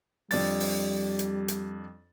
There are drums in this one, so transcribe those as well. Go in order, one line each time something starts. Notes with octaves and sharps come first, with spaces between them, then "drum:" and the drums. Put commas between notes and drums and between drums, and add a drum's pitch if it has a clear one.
F2 G3 D4 A6, drum: open hi-hat
drum: open hi-hat
drum: hi-hat
drum: hi-hat